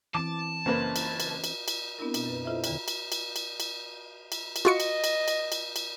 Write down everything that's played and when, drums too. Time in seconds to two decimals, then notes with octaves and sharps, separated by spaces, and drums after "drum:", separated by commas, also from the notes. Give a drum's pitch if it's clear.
0.15 E3 C4 A5 D6
0.66 F#1 A#3 C#4 B4 C5 D#5
0.96 drum: cymbal
1.20 drum: cymbal
1.44 drum: cymbal
1.68 drum: cymbal
1.99 B3 C4 D4 E4 A#4
2.14 B2, drum: cymbal
2.26 F#2 B4
2.45 E4 F4 A4 C5 D#5 E5
2.64 E2 D3 D#3, drum: cymbal
2.88 drum: cymbal
3.12 drum: cymbal
3.36 drum: cymbal
3.60 drum: cymbal
4.32 drum: cymbal
4.56 drum: cymbal
4.65 F4 F#4 D#5 C#7
4.80 drum: cymbal
5.04 drum: cymbal
5.28 drum: cymbal
5.52 drum: cymbal
5.76 drum: cymbal